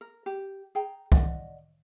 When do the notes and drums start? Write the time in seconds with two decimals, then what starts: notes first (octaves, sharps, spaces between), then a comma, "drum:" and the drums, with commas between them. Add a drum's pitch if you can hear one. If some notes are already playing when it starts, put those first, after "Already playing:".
0.01 A#4
0.26 G4
0.75 G#4 G5 A#5
1.12 D5 D#5 F#5, drum: kick